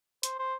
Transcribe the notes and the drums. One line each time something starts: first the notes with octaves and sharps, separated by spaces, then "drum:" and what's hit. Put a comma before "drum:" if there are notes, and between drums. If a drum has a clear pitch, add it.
C5, drum: hi-hat
C5